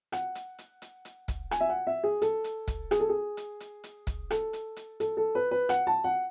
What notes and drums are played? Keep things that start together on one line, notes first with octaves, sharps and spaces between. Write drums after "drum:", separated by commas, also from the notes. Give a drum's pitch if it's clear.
F#5, drum: rim click
drum: hi-hat
drum: hi-hat
drum: hi-hat
drum: hi-hat
drum: kick, hi-hat
G#5, drum: rim click
E5
F#5
E5
G#4
A4, drum: hi-hat
drum: hi-hat
drum: kick, hi-hat
G#4, drum: rim click
A4
G#4
drum: hi-hat
drum: hi-hat
drum: hi-hat
drum: kick, hi-hat
A4, drum: rim click
drum: hi-hat
drum: hi-hat
A4, drum: hi-hat
A4
B4
B4
F#5, drum: rim click
A5
F#5